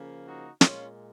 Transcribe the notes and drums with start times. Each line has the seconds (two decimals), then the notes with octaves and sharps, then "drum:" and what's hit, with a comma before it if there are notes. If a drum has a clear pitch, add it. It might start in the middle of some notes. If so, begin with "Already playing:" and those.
Already playing: C#3 F3 A#3
0.26 D#4 F#4
0.61 A#2 G#3 C#4 F4, drum: snare